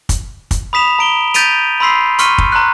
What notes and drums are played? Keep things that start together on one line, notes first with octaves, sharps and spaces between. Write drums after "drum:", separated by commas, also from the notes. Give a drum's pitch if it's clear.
drum: kick, hi-hat
drum: kick, hi-hat
B5 D#6 B6 E7 F7
A#5 D7 G7
G6 A6 B6 D7 D#7 F7, drum: hi-hat
B5 C6 E6 B6 C7
C6 C#6 F6 B6 C#7 D#7, drum: hi-hat
drum: kick
A#5 C6 F#6